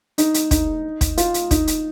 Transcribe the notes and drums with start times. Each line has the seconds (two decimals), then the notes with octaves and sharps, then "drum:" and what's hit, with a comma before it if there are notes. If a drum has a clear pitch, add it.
0.18 D#4, drum: hi-hat
0.34 drum: hi-hat
0.51 D#4, drum: kick, hi-hat
1.01 drum: kick, hi-hat
1.17 F4, drum: hi-hat
1.34 drum: hi-hat
1.51 D#4, drum: kick, hi-hat
1.67 drum: hi-hat